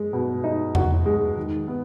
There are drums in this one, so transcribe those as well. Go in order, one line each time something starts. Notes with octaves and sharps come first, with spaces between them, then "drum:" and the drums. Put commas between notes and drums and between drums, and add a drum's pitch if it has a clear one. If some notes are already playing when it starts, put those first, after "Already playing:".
Already playing: G#3
B2
D#4
F#4, drum: tom E2
G#3
D#3
B3